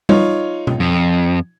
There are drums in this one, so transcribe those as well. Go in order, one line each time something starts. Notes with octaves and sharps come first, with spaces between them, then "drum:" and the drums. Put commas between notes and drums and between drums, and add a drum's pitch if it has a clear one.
D#4 F4 C#5, drum: tom G3
drum: tom B2
F2